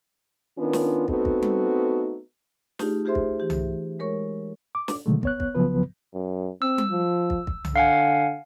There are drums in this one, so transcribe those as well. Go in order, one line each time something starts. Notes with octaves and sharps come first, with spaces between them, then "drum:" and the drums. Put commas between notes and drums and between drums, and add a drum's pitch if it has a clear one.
D#3 B3 C#4 D4 F4
drum: snare
A3 B3 C4 D#4 F#4 A4, drum: kick
drum: kick
drum: tom G3
A3 D#4 F4 G4 G#4, drum: snare
F4 G4 G#4 C5 E5 C6
drum: kick
E3 G4
drum: tom C2
G#3 A#4 C#5 C#6
D6
drum: snare
B2 D3 D#3 F#3 G#3 A3
B3 C#5 F#6, drum: kick
drum: kick
C2 C#3 F3 F#3 B3 B4
F#2
C4 E6
drum: tom G3
F3
drum: kick
drum: kick
drum: tom C2
D3 F5 F#5 G#5